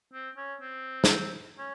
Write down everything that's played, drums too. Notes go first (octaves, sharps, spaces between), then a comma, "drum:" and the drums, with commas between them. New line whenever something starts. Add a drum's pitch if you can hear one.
C4
C#4
C4
drum: snare
C#4